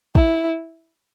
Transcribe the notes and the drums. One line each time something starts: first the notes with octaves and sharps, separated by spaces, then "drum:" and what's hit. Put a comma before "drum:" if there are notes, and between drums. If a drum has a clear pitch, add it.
E4, drum: kick